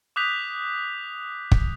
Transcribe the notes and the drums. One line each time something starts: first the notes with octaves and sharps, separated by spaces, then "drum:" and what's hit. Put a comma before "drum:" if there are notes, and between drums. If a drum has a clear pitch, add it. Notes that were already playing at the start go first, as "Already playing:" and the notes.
D6 D#6 F#6 G6 B6 F7
drum: kick